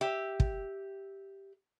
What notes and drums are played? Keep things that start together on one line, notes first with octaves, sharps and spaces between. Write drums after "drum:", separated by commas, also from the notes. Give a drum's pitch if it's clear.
G4 E5
drum: kick